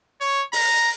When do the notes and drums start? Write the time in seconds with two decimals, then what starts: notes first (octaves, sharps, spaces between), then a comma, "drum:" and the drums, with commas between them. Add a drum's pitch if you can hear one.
0.21 C#5
0.53 A#5, drum: open hi-hat